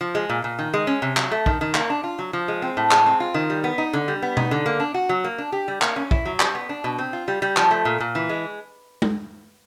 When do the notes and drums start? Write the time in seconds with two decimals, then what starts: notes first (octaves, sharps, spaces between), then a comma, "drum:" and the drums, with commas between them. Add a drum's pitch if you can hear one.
0.01 F3
0.15 G#3
0.29 A#2
0.44 A#2
0.59 D#3
0.74 G#3
0.87 C#4
1.02 C3
1.17 F#3, drum: clap
1.32 A3
1.46 D#3, drum: kick
1.61 D#3
1.75 A#3, drum: clap
1.90 D4
2.04 F4
2.19 F#3
2.33 F3
2.48 G#3
2.62 C4
2.77 A2
2.91 G#3, drum: clap
3.06 C4
3.20 F4
3.34 D#3
3.50 G3
3.64 B3
3.78 D#4
3.93 D3
4.08 G3
4.22 B3
4.37 D#4, drum: tom B2
4.51 D3
4.66 A#3
4.80 D4
4.94 F#4
5.09 F#3
5.24 A#3
5.38 D4
5.52 G4
5.68 G3
5.82 A#3, drum: clap
5.96 C#4
6.11 E4, drum: kick
6.26 F#3
6.40 G3, drum: clap
6.55 B3
6.69 D4
6.84 B2
6.99 C4
7.13 F4
7.28 G3
7.42 G3
7.57 F3, drum: clap
7.71 A3
7.85 A#2
8.00 A#2
8.15 E3
8.29 G#3
9.02 drum: tom G#3